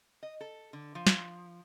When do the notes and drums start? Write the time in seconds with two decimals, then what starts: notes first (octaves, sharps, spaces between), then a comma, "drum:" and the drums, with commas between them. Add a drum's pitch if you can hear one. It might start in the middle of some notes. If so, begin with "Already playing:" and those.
0.23 D#5
0.41 A4
0.73 D3
0.95 F3
1.07 drum: snare